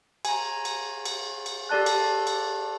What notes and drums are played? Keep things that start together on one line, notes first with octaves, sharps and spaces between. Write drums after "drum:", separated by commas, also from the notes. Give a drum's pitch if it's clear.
G#5 A#5, drum: cymbal
drum: cymbal
drum: cymbal
drum: cymbal
G4 A4 D5 A5 F#6
drum: cymbal
drum: cymbal